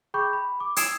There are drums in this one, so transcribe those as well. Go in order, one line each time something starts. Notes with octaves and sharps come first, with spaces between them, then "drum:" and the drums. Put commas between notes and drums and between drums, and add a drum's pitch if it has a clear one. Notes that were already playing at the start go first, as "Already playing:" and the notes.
G#4 G5 B5 C#6 D6 G6
B5
D6
D#6 E6 G#6 C7 D7 E7, drum: hi-hat